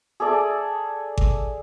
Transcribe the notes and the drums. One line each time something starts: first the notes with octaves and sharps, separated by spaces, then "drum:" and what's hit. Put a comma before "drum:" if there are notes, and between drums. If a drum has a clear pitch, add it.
G#4 A4 D5 E5
drum: kick G#1